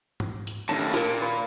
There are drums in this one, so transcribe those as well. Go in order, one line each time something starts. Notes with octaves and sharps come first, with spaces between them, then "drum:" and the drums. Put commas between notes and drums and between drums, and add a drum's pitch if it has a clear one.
drum: tom G#2
drum: hi-hat
D#2 A2 C#4 D4 A5
A#2 D4 A#4, drum: snare
B4 B5 C6